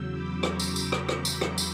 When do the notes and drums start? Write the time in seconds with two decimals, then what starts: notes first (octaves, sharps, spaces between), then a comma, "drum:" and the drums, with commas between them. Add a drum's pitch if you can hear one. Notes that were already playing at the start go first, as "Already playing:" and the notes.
Already playing: E2 C#3 F#3 E6 G6
0.10 B5 D6
0.43 A#5 C#6, drum: rim click
0.59 drum: tambourine
0.76 drum: tambourine
0.92 drum: rim click
1.09 drum: rim click
1.25 drum: tambourine
1.41 drum: rim click
1.58 drum: tambourine